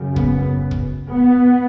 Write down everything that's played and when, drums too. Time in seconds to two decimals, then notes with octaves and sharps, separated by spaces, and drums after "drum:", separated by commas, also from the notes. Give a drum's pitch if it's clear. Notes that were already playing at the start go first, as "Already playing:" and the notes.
Already playing: F#2 C#3
0.16 B3, drum: kick
0.71 drum: kick
1.08 B3